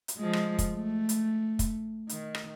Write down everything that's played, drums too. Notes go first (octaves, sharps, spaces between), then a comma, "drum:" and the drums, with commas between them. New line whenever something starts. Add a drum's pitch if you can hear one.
drum: hi-hat
F3 G#3
drum: rim click
drum: kick, hi-hat
A3
drum: hi-hat
drum: kick, hi-hat
D#3, drum: hi-hat
drum: rim click